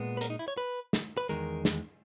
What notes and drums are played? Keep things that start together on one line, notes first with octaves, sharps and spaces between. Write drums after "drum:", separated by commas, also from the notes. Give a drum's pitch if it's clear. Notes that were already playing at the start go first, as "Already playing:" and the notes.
Already playing: A#2 G#3 B3
B4
A#4, drum: hi-hat
D#4
E4
C#5
B4
drum: snare
B4
E2 D#3 G#3 A#4
drum: snare